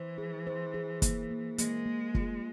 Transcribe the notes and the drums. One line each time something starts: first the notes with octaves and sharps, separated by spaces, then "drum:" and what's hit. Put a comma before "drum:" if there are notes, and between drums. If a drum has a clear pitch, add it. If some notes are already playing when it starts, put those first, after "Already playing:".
Already playing: E3 C5
G#4
C5
G#4
A#3, drum: kick, hi-hat
A#3
G#3 A#3, drum: hi-hat
A#3
F4, drum: kick